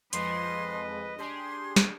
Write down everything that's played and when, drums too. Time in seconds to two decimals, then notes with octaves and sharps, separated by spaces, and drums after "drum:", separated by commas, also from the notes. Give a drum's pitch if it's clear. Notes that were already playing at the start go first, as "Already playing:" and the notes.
0.13 F2 F3 G#3 B4 D#5 C6, drum: hi-hat
1.19 D4 G4 G#4 C6
1.76 drum: snare